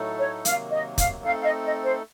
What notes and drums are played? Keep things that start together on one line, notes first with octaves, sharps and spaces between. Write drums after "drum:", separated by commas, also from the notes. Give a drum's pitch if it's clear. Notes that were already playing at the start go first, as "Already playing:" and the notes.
Already playing: A2 F#3 A3 D#4 A4
C#5
C3 D#3 F#3 A#3 F5, drum: hi-hat
D#5
F5, drum: kick, hi-hat
A3 C4 D#4 A4 F5
F5
D#5
D#5
C5